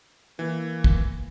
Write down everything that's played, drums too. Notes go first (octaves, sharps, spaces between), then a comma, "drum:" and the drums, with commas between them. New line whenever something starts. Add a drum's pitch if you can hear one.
E3 A#3
drum: kick